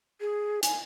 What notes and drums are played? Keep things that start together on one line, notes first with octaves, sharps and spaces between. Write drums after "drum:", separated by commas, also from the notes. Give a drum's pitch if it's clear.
G#4
G#5, drum: hi-hat